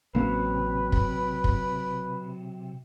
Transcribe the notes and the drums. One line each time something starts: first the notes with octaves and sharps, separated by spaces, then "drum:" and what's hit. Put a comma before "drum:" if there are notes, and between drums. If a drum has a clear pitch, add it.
A1 C3 F#3 A#3 C#4 B4
drum: kick
drum: kick